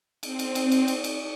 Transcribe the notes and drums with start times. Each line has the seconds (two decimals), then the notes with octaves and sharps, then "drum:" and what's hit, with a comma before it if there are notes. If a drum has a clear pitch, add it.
0.23 C4, drum: cymbal
0.39 drum: cymbal
0.55 drum: cymbal
0.72 drum: cymbal
0.88 drum: cymbal
1.04 drum: cymbal